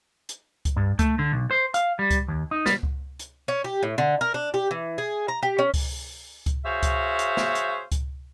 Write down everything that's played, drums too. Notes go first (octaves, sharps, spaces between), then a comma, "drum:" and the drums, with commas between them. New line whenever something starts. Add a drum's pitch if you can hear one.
drum: hi-hat
drum: kick C#2, hi-hat
G2
A3, drum: kick C#2, hi-hat
D3
B1
C5
F5, drum: hi-hat
G3
drum: kick C#2, hi-hat
D#2
D#4
G3, drum: snare
drum: kick C#2
drum: hi-hat
C#4
G4
A2
D3
A#4
D4
G4
E3
G#4
A#5
G4
C#4
drum: kick C#2, open hi-hat
drum: kick C#2, hi-hat
F#4 G#4 C5 C#5 E5 F5
drum: kick C#2, hi-hat
drum: hi-hat
drum: snare
drum: hi-hat
drum: kick C#2, hi-hat